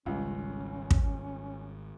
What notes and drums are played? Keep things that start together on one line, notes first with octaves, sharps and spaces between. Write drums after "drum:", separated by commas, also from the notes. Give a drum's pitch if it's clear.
G#1 C#2 G3 C#4
drum: kick